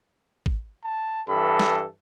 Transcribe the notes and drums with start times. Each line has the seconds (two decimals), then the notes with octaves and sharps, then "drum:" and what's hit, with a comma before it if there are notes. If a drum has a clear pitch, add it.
0.46 drum: kick
0.84 A5
1.29 G2 E3 A4 B5
1.59 drum: snare